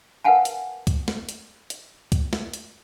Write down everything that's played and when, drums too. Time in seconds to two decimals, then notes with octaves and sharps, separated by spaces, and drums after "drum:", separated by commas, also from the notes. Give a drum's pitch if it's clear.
0.24 A#4 B4 F5 F#5 G#5 A5
0.45 drum: hi-hat
0.87 drum: kick C#2, hi-hat
1.08 drum: snare
1.29 drum: hi-hat
1.70 drum: hi-hat
2.12 drum: kick C#2, hi-hat
2.33 drum: snare
2.54 drum: hi-hat